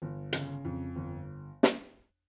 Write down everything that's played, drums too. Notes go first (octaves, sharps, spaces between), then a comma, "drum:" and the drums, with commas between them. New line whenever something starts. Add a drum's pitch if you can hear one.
G1
C#3, drum: hi-hat
F2
G1
drum: snare